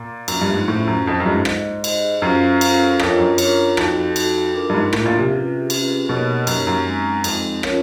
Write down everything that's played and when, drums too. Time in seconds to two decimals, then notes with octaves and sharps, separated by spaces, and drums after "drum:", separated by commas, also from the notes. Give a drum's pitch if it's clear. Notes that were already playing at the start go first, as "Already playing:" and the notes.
Already playing: A#2
0.28 F#2 F#3 A#3 D4 F4, drum: cymbal
0.41 G2
0.55 G#2
0.68 A2 C#4 F4 A4 C5
0.87 F#2
1.07 F2 C#4 F4 A4 C5
1.20 F#2
1.25 G2
1.32 G#2
1.45 D#4 G#4 C5 D#5, drum: rim click
1.84 D#4 G#4 C5 D#5, drum: cymbal
2.22 F#2 C#4 F4 A4 C5 F5
2.61 C#4 F4 A4 C5 F5, drum: cymbal
2.99 F2 D4 F4 A#4 C#5, drum: rim click
3.18 F#2
3.38 D4 F4 A#4 C#5, drum: cymbal
3.77 F2 D#4 F#4 A4, drum: rim click
4.16 D#4 F#4 A4, drum: cymbal
4.55 D4 F4 A#4
4.70 G2
4.74 G#2
4.93 A2 D4 F4 A#4, drum: rim click
5.06 A#2
5.18 C3
5.32 C#4 F4 G#4 B4
5.70 C#4 F4 G#4 B4, drum: cymbal
6.09 B2 A#3 D#4 G4 A#4 C#5
6.47 F#2 A#3 D#4 G4 A#4 C#5, drum: cymbal
6.67 F#2
6.86 G#3 C4 D#4
7.24 F2 G#3 C4 D#4, drum: cymbal
7.63 C#4 F4 A#4 C#5, drum: rim click